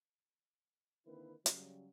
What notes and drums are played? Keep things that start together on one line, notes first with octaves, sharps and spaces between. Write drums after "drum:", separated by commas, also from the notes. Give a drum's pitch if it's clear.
D3 D#3 A#3 C4 E4 B4
C#3 F#3 G3, drum: hi-hat